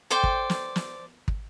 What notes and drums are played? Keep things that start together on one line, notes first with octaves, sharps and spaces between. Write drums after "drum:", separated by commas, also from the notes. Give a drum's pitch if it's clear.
A4 C5 D5 G5
drum: kick
drum: snare
drum: snare
drum: kick